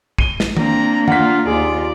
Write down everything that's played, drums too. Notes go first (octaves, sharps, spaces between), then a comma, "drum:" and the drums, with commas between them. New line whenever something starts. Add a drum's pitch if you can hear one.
D#7 G7, drum: kick
drum: snare
A#3 C4 D4 A#5, drum: tom D#3
F4 F#5 B6, drum: tom D#3
D#2 F4 G#4 D5